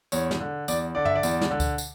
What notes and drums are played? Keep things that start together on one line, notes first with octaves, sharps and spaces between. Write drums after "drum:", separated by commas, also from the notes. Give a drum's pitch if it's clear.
E2 C#5, drum: tambourine
drum: snare
D3
E2 D5, drum: tambourine
D3 D5
E5, drum: tom
D5
E2, drum: tambourine
drum: snare
D3
drum: kick C#2, tambourine
drum: tambourine